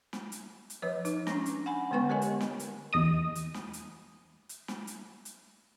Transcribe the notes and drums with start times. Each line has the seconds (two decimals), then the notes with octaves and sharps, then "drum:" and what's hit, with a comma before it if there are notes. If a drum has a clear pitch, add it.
0.13 drum: snare
0.32 drum: hi-hat
0.70 drum: hi-hat
0.82 F3 B4 C#5
1.05 D#4, drum: hi-hat
1.27 C#4 D4, drum: snare
1.46 drum: hi-hat
1.66 F#5 G#5 B5
1.91 D3 G#3 B3 B4 F#5 C#6
2.09 G4 A#4 C#5 D#5 G#5
2.22 drum: hi-hat
2.41 drum: snare
2.60 drum: hi-hat
2.93 E2 D#5 D#6
3.35 drum: hi-hat
3.54 drum: snare
3.73 drum: hi-hat
4.49 drum: hi-hat
4.68 drum: snare
4.87 drum: hi-hat
5.25 drum: hi-hat